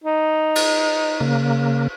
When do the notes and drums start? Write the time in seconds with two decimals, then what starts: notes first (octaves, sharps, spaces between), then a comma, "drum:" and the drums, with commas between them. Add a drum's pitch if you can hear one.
0.04 D#4
0.55 drum: cymbal
1.20 C#3 A#3